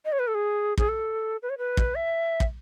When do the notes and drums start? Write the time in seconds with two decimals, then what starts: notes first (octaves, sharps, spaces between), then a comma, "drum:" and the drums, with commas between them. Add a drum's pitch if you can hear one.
0.05 D#5
0.12 C#5
0.19 B4
0.27 A4
0.34 G#4
0.78 G#4, drum: kick
0.88 A4
1.42 B4
1.50 C#5
1.58 B4
1.77 drum: kick
1.95 E5
2.40 drum: kick